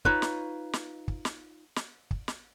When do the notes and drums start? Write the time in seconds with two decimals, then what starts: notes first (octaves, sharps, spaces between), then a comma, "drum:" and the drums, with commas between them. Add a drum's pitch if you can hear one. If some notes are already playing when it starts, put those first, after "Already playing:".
0.05 D#4 F4 B4 C#5, drum: kick
0.22 drum: snare
0.73 drum: snare
1.08 drum: kick
1.25 drum: snare
1.76 drum: snare
2.11 drum: kick
2.28 drum: snare